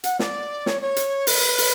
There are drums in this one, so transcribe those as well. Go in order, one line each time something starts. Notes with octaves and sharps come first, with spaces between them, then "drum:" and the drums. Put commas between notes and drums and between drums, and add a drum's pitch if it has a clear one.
F#5, drum: hi-hat
D5, drum: snare
C#5, drum: snare
C#5
drum: hi-hat
B4, drum: open hi-hat
drum: open hi-hat